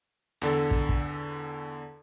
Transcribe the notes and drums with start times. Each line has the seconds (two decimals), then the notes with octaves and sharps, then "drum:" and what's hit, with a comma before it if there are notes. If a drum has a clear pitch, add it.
0.42 E2 D3 A4, drum: hi-hat
0.71 drum: kick
0.89 drum: kick